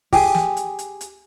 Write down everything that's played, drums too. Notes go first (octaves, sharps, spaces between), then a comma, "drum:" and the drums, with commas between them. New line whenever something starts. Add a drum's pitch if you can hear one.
G4 G#4, drum: kick, open hi-hat
drum: snare
drum: hi-hat
drum: hi-hat
drum: hi-hat